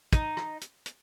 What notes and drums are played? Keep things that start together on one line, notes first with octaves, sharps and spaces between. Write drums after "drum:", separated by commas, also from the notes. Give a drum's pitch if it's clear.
D#4, drum: kick, hi-hat
drum: rim click
drum: hi-hat
drum: hi-hat